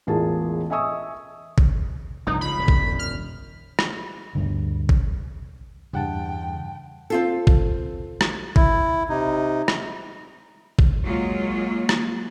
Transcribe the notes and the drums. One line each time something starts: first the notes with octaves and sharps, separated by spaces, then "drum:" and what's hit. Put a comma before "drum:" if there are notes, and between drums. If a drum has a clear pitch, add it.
E1 A1 F4 G#4 A#4 A5
D#5 E5 G#5 C#6 D#6 E6
drum: kick G#1
F1 C2 G2 D#4
C#2 C#3 B5
E1 F#2
drum: kick G#1
F6
drum: rim click
D2 G2 D3
drum: kick G#1
E2 G2 C#3 F#5 G5 A5
C4 F4 A4
drum: kick G#1
drum: rim click
E4, drum: kick G#1
C3 D#4
drum: rim click
drum: kick G#1
F#3 G#3 A#3 F4
drum: rim click